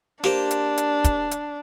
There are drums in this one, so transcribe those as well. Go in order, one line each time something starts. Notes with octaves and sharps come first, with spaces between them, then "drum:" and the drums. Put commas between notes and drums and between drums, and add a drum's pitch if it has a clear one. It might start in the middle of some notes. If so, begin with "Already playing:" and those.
A#3 D4 G4 C5, drum: snare
drum: hi-hat
drum: hi-hat
drum: kick, hi-hat
drum: hi-hat